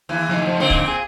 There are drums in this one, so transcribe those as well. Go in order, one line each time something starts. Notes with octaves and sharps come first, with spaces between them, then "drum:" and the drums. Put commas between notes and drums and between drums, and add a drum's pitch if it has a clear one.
D#2 E3
F2 D#4
F3
A#2 D3 A#3 C4 D#4
drum: kick
G#4